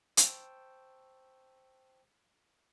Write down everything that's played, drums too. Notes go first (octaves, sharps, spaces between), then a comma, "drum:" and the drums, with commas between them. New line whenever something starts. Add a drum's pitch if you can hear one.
C5 G5 A5 C#6 E6, drum: hi-hat